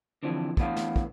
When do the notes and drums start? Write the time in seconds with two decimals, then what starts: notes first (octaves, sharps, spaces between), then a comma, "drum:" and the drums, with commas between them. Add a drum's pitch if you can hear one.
0.23 D3 E3 F3 C4 D4
0.57 E2 A2 B3 D4 F5, drum: kick
0.76 drum: snare
0.96 drum: kick